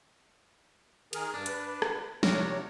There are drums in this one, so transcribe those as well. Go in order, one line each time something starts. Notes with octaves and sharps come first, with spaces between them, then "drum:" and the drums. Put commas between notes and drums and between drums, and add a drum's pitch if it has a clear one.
D#3 G#4 A#4, drum: cymbal
G2 D4
B4, drum: hi-hat
drum: rim click
C3 F#3 D4 A#4 C#5, drum: snare